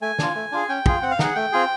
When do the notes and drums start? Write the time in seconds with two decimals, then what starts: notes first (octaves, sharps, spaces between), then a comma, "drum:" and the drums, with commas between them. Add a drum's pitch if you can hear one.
0.02 A3 G#5
0.19 D4 F4, drum: snare
0.36 A3
0.52 D4 F4 G#4
0.69 C#4 G5
0.86 F4 G#4, drum: kick
1.02 C4 F#5
1.11 F5
1.19 D#4 G#4 F#5, drum: snare
1.35 A3 G5
1.52 C4 F4 G#4